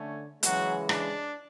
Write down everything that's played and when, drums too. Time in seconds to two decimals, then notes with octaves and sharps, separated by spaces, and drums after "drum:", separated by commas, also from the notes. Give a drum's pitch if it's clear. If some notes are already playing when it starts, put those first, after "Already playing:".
Already playing: D3 A3 C#4
0.43 C#3 E3 F#3 G#3 F#4, drum: hi-hat
0.89 D4, drum: rim click